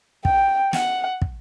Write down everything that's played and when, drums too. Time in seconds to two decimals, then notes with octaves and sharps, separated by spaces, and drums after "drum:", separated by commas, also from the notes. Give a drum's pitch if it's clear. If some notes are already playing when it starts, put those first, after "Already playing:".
0.25 G5, drum: kick
0.73 F#5, drum: snare
1.22 drum: kick